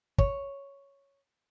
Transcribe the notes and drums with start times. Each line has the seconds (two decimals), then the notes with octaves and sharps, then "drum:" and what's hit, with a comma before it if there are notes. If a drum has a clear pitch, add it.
0.18 C#5, drum: kick